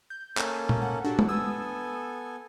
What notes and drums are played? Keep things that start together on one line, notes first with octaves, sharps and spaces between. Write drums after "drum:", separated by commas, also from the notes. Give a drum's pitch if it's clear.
G6
A#3 C#4 A4, drum: clap
drum: tom A#2
F#5
D4 F#4 G4 A4
drum: tom G#3
B3 A4 G#5 D#6 E6